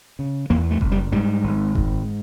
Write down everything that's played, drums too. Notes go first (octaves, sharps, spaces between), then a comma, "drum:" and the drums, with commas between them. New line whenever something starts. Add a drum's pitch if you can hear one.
C#3
E2 A#3
A3
F#1, drum: kick F#1
G3
G#2 G3
G#1
G#2, drum: kick F#1